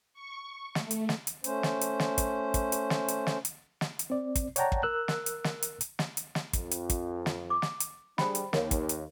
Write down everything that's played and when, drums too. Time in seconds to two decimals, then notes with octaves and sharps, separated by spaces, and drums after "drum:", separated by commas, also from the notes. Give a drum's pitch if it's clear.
0.13 C#6
0.75 A3, drum: snare
0.91 drum: hi-hat
1.09 drum: snare
1.27 drum: hi-hat
1.44 A3 C#4 C5, drum: hi-hat
1.63 drum: snare
1.81 drum: hi-hat
2.00 drum: snare
2.18 drum: kick, hi-hat
2.54 drum: kick, hi-hat
2.72 drum: hi-hat
2.90 drum: snare
3.08 drum: hi-hat
3.27 drum: snare
3.45 drum: hi-hat
3.81 drum: snare
3.99 drum: hi-hat
4.10 C4 D5
4.35 drum: kick, hi-hat
4.56 C#5 D5 F#5 G5 A5 A#5, drum: hi-hat
4.72 drum: kick
4.83 A#4 E6 F#6
5.08 drum: snare
5.26 drum: hi-hat
5.44 drum: snare
5.63 drum: hi-hat
5.81 drum: hi-hat
5.99 drum: snare
6.17 drum: hi-hat
6.35 drum: snare
6.53 F2, drum: kick, hi-hat
6.71 drum: hi-hat
6.90 drum: kick, hi-hat
7.26 drum: snare
7.50 D6
7.62 drum: snare
7.80 drum: hi-hat
8.18 G3 D4 G#4 C5 G5 B5, drum: snare
8.35 drum: hi-hat
8.53 D#2 A#4 C#5 F5, drum: snare
8.71 drum: kick, hi-hat
8.89 drum: hi-hat